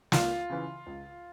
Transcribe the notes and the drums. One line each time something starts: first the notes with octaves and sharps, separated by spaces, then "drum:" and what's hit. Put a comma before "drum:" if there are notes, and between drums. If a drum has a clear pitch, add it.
C#2 F4, drum: snare
C#3 E3
C#2